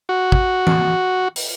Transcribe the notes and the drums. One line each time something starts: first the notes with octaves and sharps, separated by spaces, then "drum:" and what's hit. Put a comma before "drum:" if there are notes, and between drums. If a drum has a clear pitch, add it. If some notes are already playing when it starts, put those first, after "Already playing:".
F#4
drum: kick
drum: tom E3
drum: open hi-hat